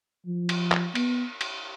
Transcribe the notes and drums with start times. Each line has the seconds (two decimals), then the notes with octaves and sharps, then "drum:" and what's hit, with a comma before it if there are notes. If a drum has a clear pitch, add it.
0.27 F3
0.49 drum: cymbal
0.72 drum: clap
0.95 B3, drum: cymbal
1.41 drum: cymbal